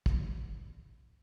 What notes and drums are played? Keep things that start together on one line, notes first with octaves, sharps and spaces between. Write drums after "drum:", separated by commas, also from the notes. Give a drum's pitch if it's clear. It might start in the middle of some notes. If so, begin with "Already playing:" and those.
A2 F3 F#3, drum: kick